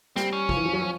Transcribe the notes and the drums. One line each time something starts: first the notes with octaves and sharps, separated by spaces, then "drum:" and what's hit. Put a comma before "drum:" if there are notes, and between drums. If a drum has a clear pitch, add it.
G3 C4, drum: snare
C#4
F3, drum: kick
E3
F3
F#3
F3